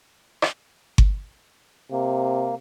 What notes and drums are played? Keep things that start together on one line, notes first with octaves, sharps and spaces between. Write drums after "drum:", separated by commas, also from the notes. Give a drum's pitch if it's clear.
drum: rim click
drum: kick G1
C3 A#3